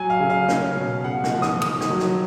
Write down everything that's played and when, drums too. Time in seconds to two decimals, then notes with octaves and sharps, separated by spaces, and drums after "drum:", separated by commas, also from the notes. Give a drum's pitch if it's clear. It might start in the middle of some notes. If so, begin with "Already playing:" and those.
Already playing: F#3 G#5
0.10 F5
0.20 C#3
0.30 F5
0.48 C#4, drum: snare
0.76 B2
1.04 C#3 F#5
1.24 drum: snare
1.33 F3
1.42 D#6, drum: snare
1.62 D#3 D#6, drum: cymbal
1.80 drum: snare
1.90 F#3
1.99 drum: snare